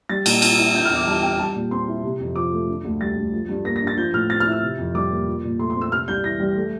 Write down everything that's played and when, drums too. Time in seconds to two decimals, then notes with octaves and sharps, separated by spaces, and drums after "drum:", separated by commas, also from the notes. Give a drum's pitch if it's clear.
0.09 G3 A6
0.26 A#2, drum: cymbal
0.42 C4, drum: cymbal
0.58 E4
0.75 D3 G6
0.85 F6
0.90 E2
0.95 D6
1.07 G3 A5
1.22 C4 G5
1.39 G3 A5
1.55 A#2
1.71 C4 C6
1.87 E4
2.04 C3
2.20 F2
2.36 F3 D6
2.52 A3
2.68 D3
2.85 D2
3.01 G3 A6
3.17 D2
3.32 F3
3.49 G2
3.65 A#3 A#6
3.76 A#6
3.82 D4
3.87 A6
3.98 F3 G6
4.14 A2 F6
4.30 C4 A6
4.40 F6
4.46 E4
4.52 E6
4.62 C3
4.78 F2
4.95 G3 D6
5.11 A#3
5.27 F3
5.43 A#2
5.59 A3 C6
5.70 C6
5.75 C4
5.81 E6
5.92 C3 F6
6.08 C2 G6
6.24 E3 A#6
6.40 G3
6.56 A3